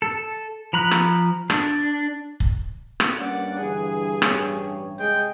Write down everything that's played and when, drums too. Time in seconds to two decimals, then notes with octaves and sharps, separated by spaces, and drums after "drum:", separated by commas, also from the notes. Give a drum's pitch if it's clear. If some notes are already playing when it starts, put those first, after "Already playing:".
0.02 A4
0.73 F3 A#5 B5 F#6
0.91 drum: rim click
1.50 D4, drum: rim click
2.40 drum: kick
3.00 drum: rim click
3.17 G2 A#3 C#4 D5 F#5
3.60 D3 E3 G#4
4.22 A1 G3 C#5, drum: rim click
4.99 C3 G#3 G5